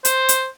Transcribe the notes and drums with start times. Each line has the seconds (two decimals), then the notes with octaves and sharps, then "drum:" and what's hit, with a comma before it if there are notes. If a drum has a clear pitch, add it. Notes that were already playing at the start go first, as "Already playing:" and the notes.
0.05 C5, drum: hi-hat
0.29 drum: hi-hat